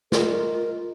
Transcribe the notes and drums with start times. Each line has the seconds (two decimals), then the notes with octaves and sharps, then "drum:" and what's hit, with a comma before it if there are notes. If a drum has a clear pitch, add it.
0.12 F4 A#4 D#5, drum: snare